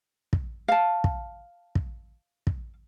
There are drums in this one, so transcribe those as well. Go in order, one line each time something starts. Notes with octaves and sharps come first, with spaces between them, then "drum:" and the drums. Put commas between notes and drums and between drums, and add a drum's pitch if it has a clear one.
drum: kick
F5 A5
drum: kick
drum: kick
drum: kick